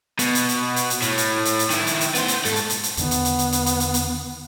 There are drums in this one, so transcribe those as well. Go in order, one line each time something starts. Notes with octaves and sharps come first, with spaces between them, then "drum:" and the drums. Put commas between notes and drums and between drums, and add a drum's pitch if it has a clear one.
B2, drum: hi-hat
drum: hi-hat
drum: hi-hat
drum: hi-hat
drum: hi-hat
A2, drum: hi-hat
drum: hi-hat
drum: hi-hat
drum: hi-hat
D#3 E4, drum: hi-hat
drum: hi-hat
drum: hi-hat
B3 C5, drum: hi-hat
drum: hi-hat
G#2 A4, drum: hi-hat
drum: hi-hat
drum: hi-hat
drum: hi-hat
E2 D3 D#3 B3, drum: hi-hat
drum: hi-hat
drum: hi-hat
drum: hi-hat
drum: hi-hat
drum: hi-hat
drum: hi-hat
drum: hi-hat